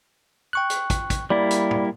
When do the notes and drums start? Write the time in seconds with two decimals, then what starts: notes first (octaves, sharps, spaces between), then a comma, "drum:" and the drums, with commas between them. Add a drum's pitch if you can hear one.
0.53 G5 C#6 F#6
0.70 drum: hi-hat
0.90 drum: kick, hi-hat
1.10 drum: kick, hi-hat
1.30 G3 A#3 E4 D5
1.51 drum: hi-hat
1.71 drum: tom